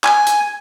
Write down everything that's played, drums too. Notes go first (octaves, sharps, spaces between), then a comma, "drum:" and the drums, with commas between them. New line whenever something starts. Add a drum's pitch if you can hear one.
G#5, drum: clap
drum: hi-hat